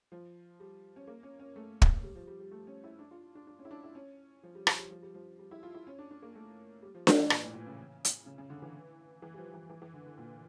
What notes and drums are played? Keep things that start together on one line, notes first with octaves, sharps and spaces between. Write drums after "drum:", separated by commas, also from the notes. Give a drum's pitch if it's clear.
F3
G3
C#4
A#3
C#4
C#4
A3
drum: kick
G3
F3
G3
G3
A3
C#4
E4
D4
F4
D4
D4
C#4
E4
D4
E4
C#4
F3
G3
F3, drum: rim click
G3
F3
G3
F3
G3
E4
F4
E4
C#4
D4
D4
A#3
A3
G3
F3
F3, drum: snare D4
E3
A#2, drum: rim click
A2
A#2
C#3
drum: hi-hat
C#3
C#3
D3
E3
E3
G3
F3
E3
E3
E3
D3
D3
A#2